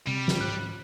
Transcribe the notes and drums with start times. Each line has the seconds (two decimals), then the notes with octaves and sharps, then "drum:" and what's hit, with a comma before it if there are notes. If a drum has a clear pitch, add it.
0.07 C3 G3
0.28 drum: snare
0.41 G#2 F#6